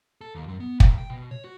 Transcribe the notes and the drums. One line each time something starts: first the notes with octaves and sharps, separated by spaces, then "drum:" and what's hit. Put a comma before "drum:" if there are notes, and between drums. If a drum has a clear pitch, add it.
A4
D#2
F#2
B3
B1, drum: kick
G5
B2
C#5
F#4